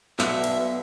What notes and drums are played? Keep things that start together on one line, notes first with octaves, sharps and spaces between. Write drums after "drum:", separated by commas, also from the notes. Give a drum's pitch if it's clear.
B1 D3 B3 E5 F#5, drum: clap
drum: cymbal